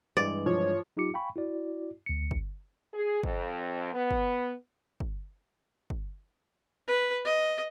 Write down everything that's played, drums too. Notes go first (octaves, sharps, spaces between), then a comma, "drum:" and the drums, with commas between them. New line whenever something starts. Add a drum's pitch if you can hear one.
G2 E3 G#3 D5
F3 C#5
F#3 D#4 F4 G4 D6 C#7
F5 G5 G#5 B5 C#6
E4 F#4 D5
D2 C#7
drum: kick
G#4
F2, drum: kick
B3
drum: kick
drum: kick
drum: kick
B4
D#5